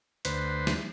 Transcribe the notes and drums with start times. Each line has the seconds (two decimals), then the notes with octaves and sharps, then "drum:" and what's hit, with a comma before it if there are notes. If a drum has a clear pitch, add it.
0.25 D2 B4 C5, drum: hi-hat
0.67 drum: snare